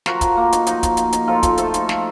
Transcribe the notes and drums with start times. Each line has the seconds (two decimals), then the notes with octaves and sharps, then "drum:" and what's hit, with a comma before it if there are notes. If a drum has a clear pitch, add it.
0.06 F3 F#4 A#4, drum: snare
0.21 F3, drum: kick, hi-hat
0.37 A#3
0.52 D#4, drum: hi-hat
0.67 F3 D#4 F#4, drum: hi-hat
0.83 F3, drum: kick, hi-hat
0.97 A#3, drum: hi-hat
1.12 D#4, drum: hi-hat
1.27 F3 F4 A4
1.43 F3, drum: kick, hi-hat
1.57 A3 A4 C5, drum: hi-hat
1.74 D#4, drum: hi-hat
1.89 F3, drum: snare